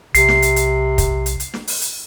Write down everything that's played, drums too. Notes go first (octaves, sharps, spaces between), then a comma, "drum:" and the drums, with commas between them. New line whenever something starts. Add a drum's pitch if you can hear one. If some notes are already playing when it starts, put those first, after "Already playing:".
B1 C3 C7, drum: hi-hat
drum: snare
drum: hi-hat
drum: hi-hat
drum: kick, hi-hat
drum: hi-hat
drum: hi-hat
drum: snare
drum: open hi-hat
drum: hi-hat